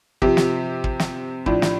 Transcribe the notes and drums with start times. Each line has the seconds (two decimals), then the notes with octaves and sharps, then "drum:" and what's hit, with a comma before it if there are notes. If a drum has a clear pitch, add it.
0.22 C3 F3 G4, drum: kick
0.37 drum: snare
0.84 drum: kick
1.00 drum: snare
1.46 A2 F3 D4, drum: kick
1.62 drum: snare